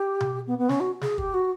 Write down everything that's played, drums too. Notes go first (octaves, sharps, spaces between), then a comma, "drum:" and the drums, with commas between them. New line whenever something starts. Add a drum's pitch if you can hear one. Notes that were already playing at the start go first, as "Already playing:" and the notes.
Already playing: G4
drum: tom B2
B3
B3
C#4, drum: snare
F#4
G#4, drum: snare
G4, drum: kick
F#4